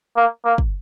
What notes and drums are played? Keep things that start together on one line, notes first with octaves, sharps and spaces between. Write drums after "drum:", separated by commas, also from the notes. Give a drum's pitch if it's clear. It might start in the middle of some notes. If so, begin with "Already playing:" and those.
A#3
A#3
drum: kick